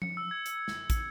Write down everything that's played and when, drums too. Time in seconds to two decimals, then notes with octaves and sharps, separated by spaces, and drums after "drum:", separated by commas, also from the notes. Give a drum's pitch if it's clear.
0.02 C#7, drum: tom F3
0.17 E6
0.31 G#6
0.46 drum: hi-hat
0.68 drum: snare
0.90 drum: kick, hi-hat